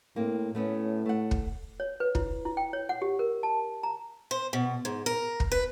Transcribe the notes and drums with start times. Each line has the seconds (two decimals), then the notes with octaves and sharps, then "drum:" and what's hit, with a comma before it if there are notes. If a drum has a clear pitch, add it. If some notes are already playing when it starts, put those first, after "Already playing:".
0.16 A2 A#3 C4
0.55 A2 A3 B3 C#4
1.06 A3 F#5
1.31 drum: kick
1.80 C#5
2.00 B4
2.15 E4, drum: kick
2.45 E4
2.57 G5
2.73 C#5
2.89 F#5
3.02 G4
3.19 A#4
3.43 A5
3.83 A#5
4.31 C5
4.53 B2
4.85 G#2
5.06 A#4
5.40 drum: kick
5.52 B4